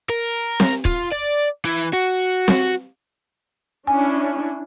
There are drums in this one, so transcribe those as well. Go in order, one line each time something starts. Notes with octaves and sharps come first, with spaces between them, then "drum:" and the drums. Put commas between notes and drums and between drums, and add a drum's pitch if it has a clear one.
A#4
drum: snare C4
F4, drum: kick
D5
E3
F#4
drum: snare C4
C#4 D4 E4 G#5